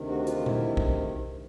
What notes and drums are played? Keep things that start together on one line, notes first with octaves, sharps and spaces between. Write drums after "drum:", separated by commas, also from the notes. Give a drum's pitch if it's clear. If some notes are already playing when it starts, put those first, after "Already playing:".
Already playing: D2 C3 D#3
F#4
F#4
F4, drum: hi-hat
E4, drum: tom A#2
drum: kick